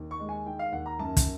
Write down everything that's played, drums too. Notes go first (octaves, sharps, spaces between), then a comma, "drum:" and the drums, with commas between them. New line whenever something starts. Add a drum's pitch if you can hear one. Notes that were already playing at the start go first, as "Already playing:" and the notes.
Already playing: D#2
C#6
G#3
G#5
D#3 G5
F5
D#2 F#5
A#5
F#2 A5
drum: kick, hi-hat